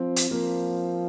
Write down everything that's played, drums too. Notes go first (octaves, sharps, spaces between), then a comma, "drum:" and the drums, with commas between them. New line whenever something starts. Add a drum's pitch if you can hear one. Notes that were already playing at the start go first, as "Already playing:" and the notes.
Already playing: F3 C4
drum: hi-hat
F3 A#3